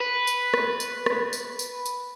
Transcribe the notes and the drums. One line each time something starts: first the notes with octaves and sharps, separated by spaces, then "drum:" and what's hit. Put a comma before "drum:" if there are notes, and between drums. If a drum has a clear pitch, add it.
B4
drum: tambourine
drum: rim click
drum: tambourine
drum: rim click
drum: tambourine
drum: tambourine
drum: tambourine